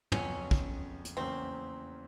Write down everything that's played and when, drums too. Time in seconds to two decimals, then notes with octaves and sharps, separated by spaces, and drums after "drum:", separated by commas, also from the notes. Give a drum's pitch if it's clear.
0.12 F2 C#3 F#3 B3 C#4, drum: tom
0.51 drum: kick
1.05 drum: hi-hat
1.17 E2 C#3 F#3 A#3 C4 C#4